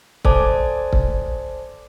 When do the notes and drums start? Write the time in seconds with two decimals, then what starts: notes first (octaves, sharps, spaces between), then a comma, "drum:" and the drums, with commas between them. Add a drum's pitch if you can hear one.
0.25 A4 C5 D5 G#5 A5 D6, drum: kick C#1
0.93 drum: kick C#1